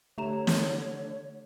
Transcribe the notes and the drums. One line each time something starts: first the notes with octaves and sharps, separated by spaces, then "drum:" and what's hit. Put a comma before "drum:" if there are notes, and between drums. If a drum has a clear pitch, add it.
D3 A3 G4 C#5 A#5 E7
drum: snare